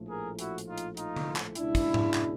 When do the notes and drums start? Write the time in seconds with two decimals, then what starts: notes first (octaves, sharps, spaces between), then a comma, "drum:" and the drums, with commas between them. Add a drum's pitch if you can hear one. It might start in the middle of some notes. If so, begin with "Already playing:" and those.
Already playing: A#1 A2 F3 A3
0.09 G#4 A#4
0.39 E4 F#4, drum: hi-hat
0.58 drum: hi-hat
0.68 D#4 F4
0.78 drum: hi-hat
0.97 D#4 F4, drum: hi-hat
1.16 drum: tom D3
1.36 drum: clap
1.55 C#2 B2 G#3 D4 E4, drum: hi-hat
1.75 drum: kick, hi-hat
1.94 drum: tom G#2
2.14 drum: clap